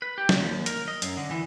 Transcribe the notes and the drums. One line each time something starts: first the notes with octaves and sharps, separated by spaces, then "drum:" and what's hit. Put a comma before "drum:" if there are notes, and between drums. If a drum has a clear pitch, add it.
B4
G4
C#3, drum: snare
D#2
A#4, drum: hi-hat
D#5
F#2, drum: hi-hat
D3
E3